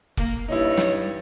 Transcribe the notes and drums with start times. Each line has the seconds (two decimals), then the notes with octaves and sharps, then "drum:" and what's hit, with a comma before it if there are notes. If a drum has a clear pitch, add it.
0.17 A#3, drum: kick
0.48 G2 D#4 E4 C#5
0.77 drum: snare